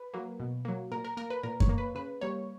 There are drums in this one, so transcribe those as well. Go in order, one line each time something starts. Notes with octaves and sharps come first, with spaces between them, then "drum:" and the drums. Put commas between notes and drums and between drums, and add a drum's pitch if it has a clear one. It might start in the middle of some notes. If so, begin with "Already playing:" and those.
Already playing: B4
F#3 A#3
B2
F#3 A#3
A#2 A#4
A#4
A#3 A#4
B4
A#2 A#4
C#5, drum: kick F#2
A#3
B4
C#3 B4
G3 A#3 C#5